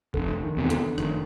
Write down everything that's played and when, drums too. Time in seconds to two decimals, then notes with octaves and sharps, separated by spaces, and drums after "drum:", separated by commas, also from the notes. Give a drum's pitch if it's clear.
0.14 F1 D3, drum: kick
0.43 D#3
0.57 E2 C3
0.70 D3, drum: hi-hat
0.98 F1 D#3, drum: rim click